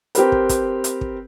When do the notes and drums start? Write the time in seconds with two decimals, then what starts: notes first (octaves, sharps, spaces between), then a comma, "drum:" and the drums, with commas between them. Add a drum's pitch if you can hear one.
0.15 C4 G4 A#4 B4, drum: hi-hat
0.32 drum: kick
0.49 drum: kick, hi-hat
0.84 drum: hi-hat
1.01 drum: kick